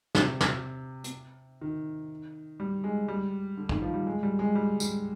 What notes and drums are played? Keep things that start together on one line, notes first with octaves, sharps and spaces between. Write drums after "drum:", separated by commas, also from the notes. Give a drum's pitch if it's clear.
C3, drum: snare
drum: snare
drum: hi-hat
D#3
G3
G#3
G3
D3
D#3, drum: kick
F3
G3
G#3
G3
G#3
G3
G3, drum: tambourine